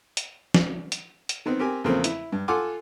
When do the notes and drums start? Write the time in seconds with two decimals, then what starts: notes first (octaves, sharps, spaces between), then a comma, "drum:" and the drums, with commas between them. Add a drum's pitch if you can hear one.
0.17 drum: hi-hat
0.54 drum: snare
0.92 drum: hi-hat
1.29 drum: hi-hat
1.46 D#3 B3 C4
1.59 C4 G4 A#4 G#5
1.84 E2 C#3 F3 A3 A#3 C4
2.04 E4, drum: hi-hat
2.32 G2
2.48 F4 A4 F#5 G#5 C6 D6